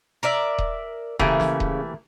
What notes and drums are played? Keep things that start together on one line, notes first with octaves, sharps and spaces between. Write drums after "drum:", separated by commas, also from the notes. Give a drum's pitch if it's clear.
A#4 D5 E5
drum: kick D#1
C#3 E3 A3 A#3 G4 G#4, drum: kick D#1
drum: snare
drum: kick D#1